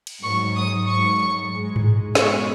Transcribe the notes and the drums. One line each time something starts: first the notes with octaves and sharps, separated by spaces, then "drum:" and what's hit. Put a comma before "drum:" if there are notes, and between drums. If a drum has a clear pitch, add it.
drum: cymbal
G#2 F#3 C#6
D#6
G#2 C#6
F#3
G#2 G#3
drum: tom G#2
B2 G#3 C#6, drum: snare